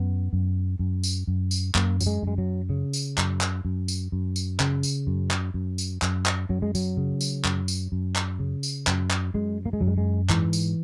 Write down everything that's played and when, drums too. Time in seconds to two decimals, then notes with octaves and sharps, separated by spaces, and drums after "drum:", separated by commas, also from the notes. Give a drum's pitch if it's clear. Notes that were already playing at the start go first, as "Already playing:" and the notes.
Already playing: F#2 B3
0.33 F#2
0.79 F#2
1.04 drum: tambourine
1.27 F#2
1.51 drum: tambourine
1.75 F#2 A#3, drum: clap
2.00 F#3, drum: tambourine
2.06 G#3
2.23 F#2 G#3
2.38 F#3
2.70 C#3
2.93 drum: tambourine
3.18 F#2, drum: clap
3.41 drum: clap
3.65 F#2
3.88 drum: tambourine
4.12 F#2
4.36 drum: tambourine
4.60 C#3, drum: clap
4.83 drum: tambourine
5.07 F#2
5.31 drum: clap
5.54 F#2
5.78 drum: tambourine
6.02 F#2, drum: clap
6.26 drum: clap
6.49 F#2 F#3
6.62 G#3
6.75 F#3, drum: tambourine
6.97 C#3
7.21 drum: tambourine
7.44 F#2, drum: clap
7.68 drum: tambourine
7.92 F#2
8.16 drum: clap
8.39 C#3
8.63 drum: tambourine
8.87 F#2, drum: clap
9.11 drum: clap
9.34 F#2 G#3
9.66 A#3
9.73 G#3
9.81 F#2 F#3
9.87 G#3
9.98 G#3
10.29 G#2 E3, drum: clap
10.53 drum: tambourine